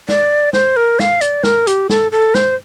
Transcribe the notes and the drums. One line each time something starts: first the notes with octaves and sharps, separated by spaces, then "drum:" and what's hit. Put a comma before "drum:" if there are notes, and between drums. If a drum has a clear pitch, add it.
D5, drum: snare
C5, drum: snare
A#4
F5, drum: snare
D5, drum: hi-hat
A#4, drum: snare
G4, drum: hi-hat
A4, drum: snare
A4
C5, drum: snare